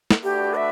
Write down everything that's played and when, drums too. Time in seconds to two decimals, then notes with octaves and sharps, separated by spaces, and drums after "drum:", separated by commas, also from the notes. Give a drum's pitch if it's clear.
0.11 drum: snare
0.23 A3 D4 F#4 G4 B4 D5
0.55 E5